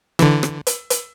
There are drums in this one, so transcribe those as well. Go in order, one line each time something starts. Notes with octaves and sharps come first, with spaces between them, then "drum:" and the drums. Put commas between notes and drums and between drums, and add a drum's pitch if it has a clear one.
D3 E3, drum: rim click
drum: rim click
drum: hi-hat
drum: hi-hat